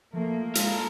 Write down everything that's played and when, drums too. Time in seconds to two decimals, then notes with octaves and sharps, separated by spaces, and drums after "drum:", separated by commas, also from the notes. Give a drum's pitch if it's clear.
0.14 F3 A3 A#3
0.55 G#3 F4 A4 A#4, drum: hi-hat